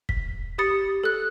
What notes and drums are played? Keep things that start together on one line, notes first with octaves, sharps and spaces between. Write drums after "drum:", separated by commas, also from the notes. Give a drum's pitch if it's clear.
B6, drum: kick
G4 B5 D#6 A6 C#7
A4 F#6